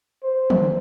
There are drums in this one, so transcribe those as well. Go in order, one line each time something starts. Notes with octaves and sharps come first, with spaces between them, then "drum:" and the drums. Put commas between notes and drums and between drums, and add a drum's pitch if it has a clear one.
C5
drum: tom